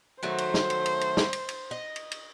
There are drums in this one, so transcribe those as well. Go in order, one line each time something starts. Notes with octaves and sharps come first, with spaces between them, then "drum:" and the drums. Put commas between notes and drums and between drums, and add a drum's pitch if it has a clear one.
D#3 F#3 A3 C5
drum: cymbal
drum: snare
drum: cymbal
drum: cymbal
drum: cymbal
drum: snare
drum: cymbal
drum: cymbal
D#5
drum: cymbal
drum: cymbal